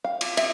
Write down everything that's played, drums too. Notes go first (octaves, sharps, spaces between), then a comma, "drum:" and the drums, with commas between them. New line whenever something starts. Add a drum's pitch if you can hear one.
F5
drum: cymbal
E5, drum: cymbal